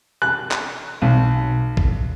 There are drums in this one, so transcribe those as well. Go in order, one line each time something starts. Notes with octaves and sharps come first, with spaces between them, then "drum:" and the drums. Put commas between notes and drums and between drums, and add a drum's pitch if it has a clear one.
F#6
drum: clap
B1
drum: kick A#1